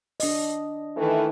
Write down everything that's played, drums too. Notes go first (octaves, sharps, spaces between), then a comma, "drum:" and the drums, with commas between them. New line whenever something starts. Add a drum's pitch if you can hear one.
D4 D#5, drum: open hi-hat
D#3 E3 A3